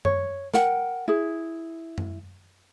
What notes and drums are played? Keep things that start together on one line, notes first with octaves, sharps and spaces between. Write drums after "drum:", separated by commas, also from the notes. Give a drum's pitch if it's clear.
C#5, drum: tom F#2
A#4 F#5 G5, drum: snare
E4 G#4
drum: tom F#2